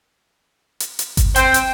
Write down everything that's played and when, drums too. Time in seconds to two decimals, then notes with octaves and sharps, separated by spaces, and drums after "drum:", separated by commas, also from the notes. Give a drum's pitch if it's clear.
0.80 drum: hi-hat
0.99 drum: hi-hat
1.17 drum: kick G1, hi-hat
1.36 C4 C5 G5, drum: hi-hat
1.54 drum: hi-hat